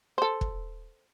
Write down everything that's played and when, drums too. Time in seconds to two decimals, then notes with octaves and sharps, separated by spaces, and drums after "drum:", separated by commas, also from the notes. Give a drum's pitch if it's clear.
0.18 A4 C5
0.41 drum: kick